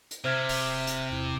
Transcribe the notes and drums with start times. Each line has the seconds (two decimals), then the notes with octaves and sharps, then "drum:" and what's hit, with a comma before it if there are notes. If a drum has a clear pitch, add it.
0.11 drum: hi-hat
0.24 C3 C5 E5 F6 G#6
0.49 D1, drum: open hi-hat
0.87 drum: hi-hat
1.11 E2 E4